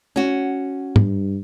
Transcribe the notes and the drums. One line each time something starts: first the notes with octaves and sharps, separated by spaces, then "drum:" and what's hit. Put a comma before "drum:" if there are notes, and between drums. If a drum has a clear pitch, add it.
C#4 F#4
G2, drum: tom G#2